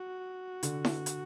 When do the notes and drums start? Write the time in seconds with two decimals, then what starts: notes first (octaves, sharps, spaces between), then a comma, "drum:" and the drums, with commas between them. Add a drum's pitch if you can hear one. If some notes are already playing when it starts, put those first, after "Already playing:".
Already playing: F#4
0.63 D3, drum: hi-hat
0.85 drum: snare E4
1.06 drum: hi-hat